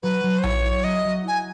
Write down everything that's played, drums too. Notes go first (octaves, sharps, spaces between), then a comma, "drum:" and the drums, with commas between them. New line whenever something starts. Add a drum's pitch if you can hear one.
F#3 B4
F#3
C5
E4 C#5, drum: tom A#1
E4
F#3 D#5
F#3
E4 G#5